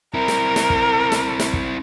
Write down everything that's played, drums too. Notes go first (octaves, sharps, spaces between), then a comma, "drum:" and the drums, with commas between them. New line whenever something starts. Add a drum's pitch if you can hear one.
C4 E4 A#4
drum: snare
drum: snare
drum: kick
drum: snare
drum: snare
drum: kick